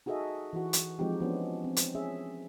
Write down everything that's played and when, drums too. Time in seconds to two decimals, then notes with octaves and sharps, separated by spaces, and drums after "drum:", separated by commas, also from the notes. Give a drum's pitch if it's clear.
0.06 D#4 F#4 G#4 A4 D#5 E5
0.53 E3 F#4
0.73 drum: hi-hat
0.99 F3 G#3 C4 D#4 G4
1.20 F3 B3 C#4 D4
1.64 C4
1.77 drum: hi-hat
1.95 C#4 G#4 E5